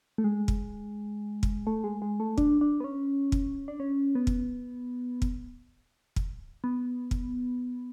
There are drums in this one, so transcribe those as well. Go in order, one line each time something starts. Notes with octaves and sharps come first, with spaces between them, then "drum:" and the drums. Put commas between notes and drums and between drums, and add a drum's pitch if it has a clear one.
A3
G#3
drum: kick
drum: kick
A3
G#3
G#3
A3
D4, drum: kick
D4
B3
C#4
drum: kick
D4
C#4
B3
drum: kick
drum: kick
drum: kick
B3
drum: kick